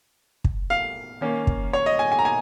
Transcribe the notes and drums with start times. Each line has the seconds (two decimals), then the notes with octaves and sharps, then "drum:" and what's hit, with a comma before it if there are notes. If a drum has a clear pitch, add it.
0.44 drum: kick
0.70 F5
1.21 D#3 A#3 C#4
1.47 drum: kick
1.73 C#5
1.86 D#5
1.99 G#5
2.12 G#5
2.19 A#5
2.25 G#5